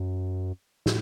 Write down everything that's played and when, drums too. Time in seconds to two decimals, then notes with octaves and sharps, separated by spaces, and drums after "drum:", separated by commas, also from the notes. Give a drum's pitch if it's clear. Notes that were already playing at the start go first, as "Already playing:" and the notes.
Already playing: F#2
0.86 A2, drum: snare